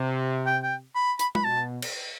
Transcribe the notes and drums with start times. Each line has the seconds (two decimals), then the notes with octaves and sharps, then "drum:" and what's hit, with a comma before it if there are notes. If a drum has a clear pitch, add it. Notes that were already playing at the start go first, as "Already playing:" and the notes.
Already playing: C3
0.46 G5
0.63 G5
0.95 B5
1.19 B5, drum: hi-hat
1.35 B5, drum: tom G#3
1.44 B2 A5
1.82 drum: cymbal